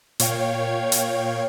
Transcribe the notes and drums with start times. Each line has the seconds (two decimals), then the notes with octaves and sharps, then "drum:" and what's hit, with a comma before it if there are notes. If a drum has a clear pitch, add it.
0.20 A#2 C#5 F5 G5 G#6, drum: hi-hat
0.92 drum: hi-hat